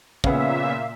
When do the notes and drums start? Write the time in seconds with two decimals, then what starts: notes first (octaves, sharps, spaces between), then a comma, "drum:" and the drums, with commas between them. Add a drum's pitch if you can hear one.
0.24 A#2 C#3 B3 C#4 E5 F5, drum: kick